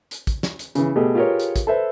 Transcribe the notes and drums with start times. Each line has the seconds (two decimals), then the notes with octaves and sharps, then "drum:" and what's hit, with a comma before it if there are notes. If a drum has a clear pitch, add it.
0.11 drum: hi-hat
0.27 drum: kick, hi-hat
0.43 drum: snare
0.59 drum: hi-hat
0.75 C#3 E3, drum: hi-hat
0.96 B2 A3 G4 G#4
1.15 F4 G4 G#4 A#4 B4 C#5
1.40 drum: hi-hat
1.56 drum: kick, hi-hat
1.67 A4 B4 C5 E5